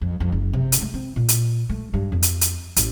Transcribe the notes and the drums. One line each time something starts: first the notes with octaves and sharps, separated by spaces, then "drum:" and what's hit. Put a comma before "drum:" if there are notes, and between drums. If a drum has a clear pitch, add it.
F2
F2
F#1
C3
drum: hi-hat
A3
C4
A#2
drum: hi-hat
A3
G2
F2
drum: hi-hat
drum: hi-hat
A1, drum: hi-hat